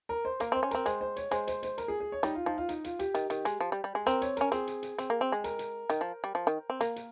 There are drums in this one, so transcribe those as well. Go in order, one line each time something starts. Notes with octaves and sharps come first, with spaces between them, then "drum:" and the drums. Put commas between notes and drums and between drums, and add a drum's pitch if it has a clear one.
A#4
C5
A#3 A#4, drum: hi-hat
C4 C5
C#4
C4 A#4, drum: hi-hat
G#3 C5, drum: hi-hat
C5
C#5, drum: hi-hat
G#3 C5, drum: hi-hat
C5, drum: hi-hat
C5, drum: hi-hat
A#4, drum: hi-hat
G#4
G#4
C#5
G3 D#4, drum: hi-hat
F4
F3 D#4
F4
D#4, drum: hi-hat
F4, drum: hi-hat
G4, drum: hi-hat
D#3, drum: hi-hat
D#3, drum: hi-hat
G#3, drum: hi-hat
F3
G3
G3
G#3
C4 A#4, drum: hi-hat
C#5, drum: hi-hat
C#4 A#4, drum: hi-hat
C4 G#4, drum: hi-hat
drum: hi-hat
drum: hi-hat
C4, drum: hi-hat
A#3
C4
G#3
A#4, drum: hi-hat
drum: hi-hat
D#3, drum: hi-hat
F3
G3
F3
D#3
C4
A#3, drum: hi-hat
drum: hi-hat